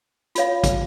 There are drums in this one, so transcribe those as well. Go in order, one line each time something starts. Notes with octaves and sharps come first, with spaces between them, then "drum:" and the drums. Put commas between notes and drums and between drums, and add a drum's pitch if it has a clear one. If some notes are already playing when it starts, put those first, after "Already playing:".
F4 C#5 F5, drum: hi-hat
drum: kick, hi-hat